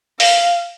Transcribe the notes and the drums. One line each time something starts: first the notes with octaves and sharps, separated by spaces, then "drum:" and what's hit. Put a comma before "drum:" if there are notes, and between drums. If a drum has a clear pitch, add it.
F5, drum: open hi-hat